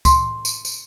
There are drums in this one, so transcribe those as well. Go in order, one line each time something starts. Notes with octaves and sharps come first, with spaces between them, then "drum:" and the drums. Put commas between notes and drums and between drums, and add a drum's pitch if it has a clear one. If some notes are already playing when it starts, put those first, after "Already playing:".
C6, drum: kick C#2, tambourine
drum: tambourine
drum: tambourine